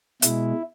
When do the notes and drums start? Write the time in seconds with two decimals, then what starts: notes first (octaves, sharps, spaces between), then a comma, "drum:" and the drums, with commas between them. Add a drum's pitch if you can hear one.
0.22 B2 G#3 E4, drum: hi-hat